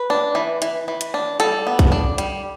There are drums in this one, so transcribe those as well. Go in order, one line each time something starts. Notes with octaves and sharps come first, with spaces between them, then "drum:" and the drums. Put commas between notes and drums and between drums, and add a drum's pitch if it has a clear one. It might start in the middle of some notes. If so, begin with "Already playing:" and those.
Already playing: B4
D4
E3
E3, drum: hi-hat
E3
drum: hi-hat
D4
G3 A4, drum: hi-hat
B3
drum: kick, hi-hat
D4
G3, drum: hi-hat